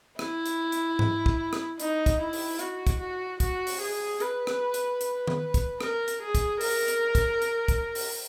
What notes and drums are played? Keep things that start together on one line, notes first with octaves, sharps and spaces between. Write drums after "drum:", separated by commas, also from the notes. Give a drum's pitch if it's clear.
E4, drum: rim click
drum: hi-hat
drum: hi-hat
drum: tom G#2
drum: kick
drum: rim click
D#4, drum: hi-hat
drum: kick, hi-hat
E4
drum: open hi-hat
F#4, drum: hi-hat
drum: kick, hi-hat
F#4
F#4, drum: kick, hi-hat
drum: open hi-hat
G#4
B4, drum: hi-hat
drum: rim click
drum: hi-hat
drum: hi-hat
drum: tom D#3
drum: kick, hi-hat
A#4, drum: rim click
drum: hi-hat
G#4
drum: kick, hi-hat
A#4, drum: open hi-hat
drum: hi-hat
drum: kick, hi-hat
drum: hi-hat
drum: kick, hi-hat
drum: open hi-hat